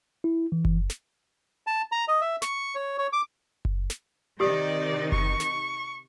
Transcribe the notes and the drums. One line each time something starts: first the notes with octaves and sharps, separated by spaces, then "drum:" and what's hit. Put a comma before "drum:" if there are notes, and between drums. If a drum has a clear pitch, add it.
E4
E3
drum: kick F#1
drum: snare
A5
A#5
D#5
E5
C#6, drum: snare
C#5
C#5
D6
drum: kick F#1
drum: snare
C3 D#3 D#4 G4 D5 D#6
C#6, drum: kick F#1
drum: snare